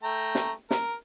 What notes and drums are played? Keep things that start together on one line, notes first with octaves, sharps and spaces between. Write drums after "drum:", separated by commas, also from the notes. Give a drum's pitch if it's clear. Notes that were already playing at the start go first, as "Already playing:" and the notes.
A3 G5 A#5
drum: snare
A#4, drum: snare